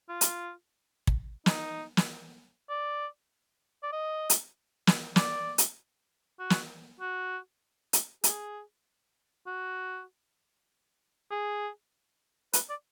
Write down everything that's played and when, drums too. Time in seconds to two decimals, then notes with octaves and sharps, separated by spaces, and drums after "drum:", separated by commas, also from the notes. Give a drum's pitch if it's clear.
0.09 F4
0.21 drum: hi-hat
1.07 drum: kick
1.46 D#4, drum: snare
1.97 drum: snare
2.69 D5
3.83 D5
3.92 D#5
4.30 drum: hi-hat
4.87 drum: snare
5.16 D5, drum: snare
5.58 drum: hi-hat
6.39 F#4
6.50 drum: snare
7.00 F#4
7.93 drum: hi-hat
8.24 G#4, drum: hi-hat
9.47 F#4
11.31 G#4
12.53 B4, drum: hi-hat
12.69 D5